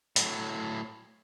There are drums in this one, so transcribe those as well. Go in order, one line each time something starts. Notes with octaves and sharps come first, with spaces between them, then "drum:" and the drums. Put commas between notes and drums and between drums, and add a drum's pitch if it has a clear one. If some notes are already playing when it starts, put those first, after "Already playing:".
A2 F#3, drum: hi-hat